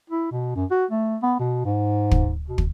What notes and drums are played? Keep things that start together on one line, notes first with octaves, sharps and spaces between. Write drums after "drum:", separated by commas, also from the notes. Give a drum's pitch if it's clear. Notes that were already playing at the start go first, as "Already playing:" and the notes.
E4
B2
F#2
F#4
A3
B3
B2
G#2
drum: kick
B2
drum: kick